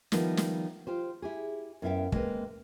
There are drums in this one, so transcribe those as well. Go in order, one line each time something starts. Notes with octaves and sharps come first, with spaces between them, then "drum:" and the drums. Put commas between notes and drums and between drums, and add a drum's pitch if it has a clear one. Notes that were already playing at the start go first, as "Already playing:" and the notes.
D#3 F3 G3 B3 D#4 E4, drum: snare
drum: snare
F4 G4 C5
E4 G4 G#4
F#2 B3 E4 E5 F5 G5
G#3 A#3 C4 B4, drum: kick